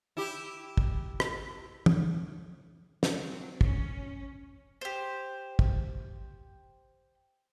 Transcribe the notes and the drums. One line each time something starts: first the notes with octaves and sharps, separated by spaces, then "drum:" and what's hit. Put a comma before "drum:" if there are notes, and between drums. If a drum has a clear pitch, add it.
E4 G4
drum: kick
drum: rim click
drum: tom
drum: snare
F#3 C4
C#4, drum: kick
G4 C5
drum: kick